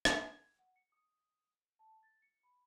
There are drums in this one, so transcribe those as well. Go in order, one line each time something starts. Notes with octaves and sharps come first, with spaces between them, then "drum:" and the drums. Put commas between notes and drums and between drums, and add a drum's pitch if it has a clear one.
drum: rim click
G#6
F#5
C#7
D#6
A5
A6
C#7
B5